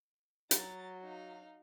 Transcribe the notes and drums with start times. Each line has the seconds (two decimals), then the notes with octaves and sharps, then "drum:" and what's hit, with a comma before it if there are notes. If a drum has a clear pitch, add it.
0.51 F#3 A#5 A6, drum: hi-hat
1.02 D#4 F5